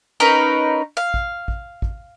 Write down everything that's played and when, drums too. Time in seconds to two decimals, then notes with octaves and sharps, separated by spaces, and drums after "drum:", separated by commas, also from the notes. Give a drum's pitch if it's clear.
0.20 C#4 D#4 A#4 B4
0.97 F5
1.14 drum: kick A1
1.48 drum: kick A1
1.82 drum: kick A1